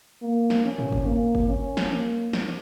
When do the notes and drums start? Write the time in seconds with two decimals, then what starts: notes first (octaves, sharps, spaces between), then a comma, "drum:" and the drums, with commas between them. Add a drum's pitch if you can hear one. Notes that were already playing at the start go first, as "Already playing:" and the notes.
0.22 A#3
0.50 drum: snare
0.65 C#4
0.78 drum: tom G#2
0.92 drum: kick F#1
1.06 A#3
1.35 drum: kick F#1
1.48 C#4
1.77 drum: snare
1.91 A#3
2.33 drum: snare